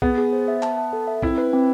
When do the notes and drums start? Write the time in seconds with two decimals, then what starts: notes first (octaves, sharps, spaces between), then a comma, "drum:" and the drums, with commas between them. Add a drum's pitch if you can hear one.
0.02 B3 G#4, drum: kick B1
0.18 G#4
0.33 C5
0.48 E5
0.62 A5, drum: clap
0.78 A5
0.93 A4
1.07 E5
1.22 C4 E4, drum: kick B1
1.38 B4
1.53 C4